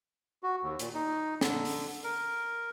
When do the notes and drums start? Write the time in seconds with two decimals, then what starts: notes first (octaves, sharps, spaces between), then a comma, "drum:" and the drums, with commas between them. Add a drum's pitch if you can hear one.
0.43 F#4
0.63 D#2
0.79 A#2, drum: hi-hat
0.94 D#4
1.41 D3, drum: snare
1.65 drum: open hi-hat
2.04 A#4